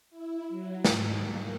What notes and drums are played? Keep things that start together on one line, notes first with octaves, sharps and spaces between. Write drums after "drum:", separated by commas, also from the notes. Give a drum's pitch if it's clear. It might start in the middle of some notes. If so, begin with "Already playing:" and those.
E4
F#3
G#2, drum: snare
A#3